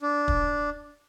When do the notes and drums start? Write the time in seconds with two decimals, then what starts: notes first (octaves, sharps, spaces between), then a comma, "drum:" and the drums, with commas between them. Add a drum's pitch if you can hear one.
0.02 D4
0.28 drum: kick